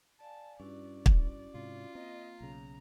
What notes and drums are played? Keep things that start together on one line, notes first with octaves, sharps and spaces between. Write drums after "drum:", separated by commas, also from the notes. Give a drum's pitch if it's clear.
D5 F5 G#5 A5
G2 C#4 E4 F#4 D5
drum: kick
G#2 C3 F4
A#3 C4 D#5
B1 C#3 A#5